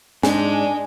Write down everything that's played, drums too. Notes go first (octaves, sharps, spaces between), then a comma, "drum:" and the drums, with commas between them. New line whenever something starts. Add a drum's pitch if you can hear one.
G#2 G#3 D4 G#5, drum: snare